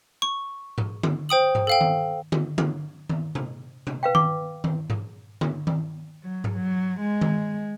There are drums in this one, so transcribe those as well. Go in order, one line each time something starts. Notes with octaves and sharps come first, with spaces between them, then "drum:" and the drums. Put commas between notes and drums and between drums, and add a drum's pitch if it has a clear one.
C#6
drum: tom G#2
drum: tom D3
C5 G5 D#6 F#7
drum: tom G#2
A4 F5 G5
drum: tom D#3
drum: tom D3
drum: tom D3
drum: tom D#3
drum: tom C3
drum: tom C3
B4 F5 G5
D6, drum: tom D#3
drum: tom D#3
drum: tom G#2
drum: tom D3
drum: tom D#3
F#3
drum: tom G#2
F#3
G#3
drum: tom D#3